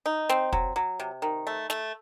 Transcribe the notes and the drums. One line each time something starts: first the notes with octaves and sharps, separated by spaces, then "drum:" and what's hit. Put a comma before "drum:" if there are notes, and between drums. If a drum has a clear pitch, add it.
D#4
C4, drum: snare
F#3, drum: kick
F#3
C3
D#3
A3
A3, drum: snare